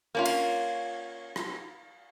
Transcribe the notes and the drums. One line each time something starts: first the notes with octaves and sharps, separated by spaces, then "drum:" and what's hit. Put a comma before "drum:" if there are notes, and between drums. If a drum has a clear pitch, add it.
A#3 C#4 F4
drum: cymbal
drum: rim click